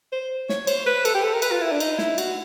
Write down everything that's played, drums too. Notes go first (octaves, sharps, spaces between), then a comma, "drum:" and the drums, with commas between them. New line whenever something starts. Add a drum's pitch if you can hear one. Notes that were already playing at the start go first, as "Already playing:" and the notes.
C5
C#5, drum: snare
C5, drum: cymbal
B4
A4, drum: cymbal
G4
A4
A#4
B4, drum: cymbal
F4
E4
D4
D#4, drum: cymbal
E4, drum: snare
F#4, drum: cymbal